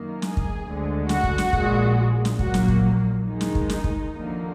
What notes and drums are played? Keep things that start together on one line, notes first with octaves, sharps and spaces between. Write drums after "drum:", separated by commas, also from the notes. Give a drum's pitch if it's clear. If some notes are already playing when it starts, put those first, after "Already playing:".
Already playing: F#2 D#3 A#3
G#4, drum: snare
drum: kick
D2 D3 G#3
F#4, drum: snare
drum: kick
drum: snare
A#1 A#2 G#3, drum: kick
drum: snare
A#1 A#2 F#3 A#3 F#4, drum: kick
drum: snare
drum: kick
D#2 D#3 G#3 D#4
drum: snare
drum: kick
drum: snare
drum: kick
D#2 D3 F3 A#3